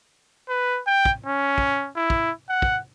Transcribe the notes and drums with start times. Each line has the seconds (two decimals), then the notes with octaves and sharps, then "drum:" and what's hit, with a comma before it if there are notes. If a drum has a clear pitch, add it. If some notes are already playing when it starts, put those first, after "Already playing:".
0.49 B4
0.87 G5
1.05 drum: kick
1.26 C#4
1.58 drum: kick
1.96 E4
2.10 drum: kick
2.49 F#5
2.62 drum: kick